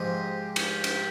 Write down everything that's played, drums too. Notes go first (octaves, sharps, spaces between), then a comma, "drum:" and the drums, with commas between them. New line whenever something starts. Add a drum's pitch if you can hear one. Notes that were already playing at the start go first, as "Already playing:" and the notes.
Already playing: G#2 F3 C4 D#4 G4 G#4
G4, drum: cymbal
drum: cymbal